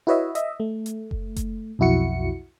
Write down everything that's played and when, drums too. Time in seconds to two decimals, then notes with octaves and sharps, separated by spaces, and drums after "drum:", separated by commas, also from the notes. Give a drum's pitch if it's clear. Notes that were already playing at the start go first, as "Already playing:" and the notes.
0.07 E4 F#4 B4 C#5 D#5 E5
0.35 D#5 E5, drum: hi-hat
0.60 A3
0.86 drum: hi-hat
1.11 drum: kick F#1
1.36 drum: kick F#1, hi-hat
1.79 B1 F2 E4 F#4 C#7